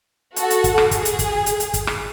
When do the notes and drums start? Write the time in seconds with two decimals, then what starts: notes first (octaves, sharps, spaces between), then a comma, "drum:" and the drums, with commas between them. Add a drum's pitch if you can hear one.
0.36 F#4 A4, drum: hi-hat
0.50 drum: hi-hat
0.64 drum: kick, hi-hat
0.78 drum: rim click
0.91 G#4, drum: kick, hi-hat
1.05 drum: hi-hat
1.19 drum: kick, hi-hat
1.46 drum: hi-hat
1.60 drum: hi-hat
1.74 drum: kick, hi-hat
1.87 drum: rim click